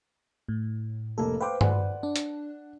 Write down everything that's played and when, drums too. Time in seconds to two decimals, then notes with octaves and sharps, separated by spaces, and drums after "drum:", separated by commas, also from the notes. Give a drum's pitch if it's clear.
0.49 A2
1.18 F1 A#3 A4
1.40 B4 C5 F5 G5 D6
1.61 D5 F#5, drum: tom G2
2.03 D4
2.16 drum: hi-hat